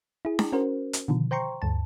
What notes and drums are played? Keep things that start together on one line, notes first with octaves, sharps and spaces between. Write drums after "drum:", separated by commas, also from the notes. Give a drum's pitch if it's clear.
E4 G#4
drum: snare D4
C#4 F#4 A#4 C5
drum: hi-hat
B2 D3 D#3 F3
C5 G5 A#5 C6 C#6
D2 G2 A5